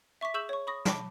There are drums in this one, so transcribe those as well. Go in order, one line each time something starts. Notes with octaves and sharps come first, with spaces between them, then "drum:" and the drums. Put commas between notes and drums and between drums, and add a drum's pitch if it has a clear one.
E5 C#6 D6 B6
G#4 C#6 E6 G6 E7 F#7
C#5 C#6
B5 C#6 D#6 A#6
A5 B5 D6, drum: snare